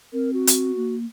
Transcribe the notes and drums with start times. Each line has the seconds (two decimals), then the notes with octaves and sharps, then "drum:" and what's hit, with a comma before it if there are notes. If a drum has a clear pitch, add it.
0.13 C4 A#4
0.33 F#4
0.47 drum: hi-hat
0.77 A#3